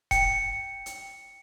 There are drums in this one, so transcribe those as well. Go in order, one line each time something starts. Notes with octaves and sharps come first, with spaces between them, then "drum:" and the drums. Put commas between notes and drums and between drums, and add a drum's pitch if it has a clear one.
G5 C#7, drum: kick E1, hi-hat
drum: hi-hat